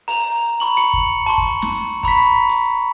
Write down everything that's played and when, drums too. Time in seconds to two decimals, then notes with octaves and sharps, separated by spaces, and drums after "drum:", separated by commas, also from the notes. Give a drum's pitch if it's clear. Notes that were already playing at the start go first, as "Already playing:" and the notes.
0.08 A#5 F7, drum: open hi-hat
0.60 B5 C#6 F#7
0.77 C#7, drum: hi-hat
0.93 drum: kick
1.26 A5 C6 C#6
1.38 drum: kick
1.62 drum: snare
2.03 A#5 B5 C#6 B6, drum: kick
2.49 drum: hi-hat